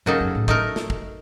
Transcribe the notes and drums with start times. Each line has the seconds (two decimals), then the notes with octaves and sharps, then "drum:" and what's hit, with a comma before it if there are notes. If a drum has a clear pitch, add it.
0.06 F#2 C#3 F#3 A#3 D#4 A4
0.20 F#2
0.35 A2
0.48 A3 D#4 A#4, drum: kick
0.76 drum: snare
0.90 drum: kick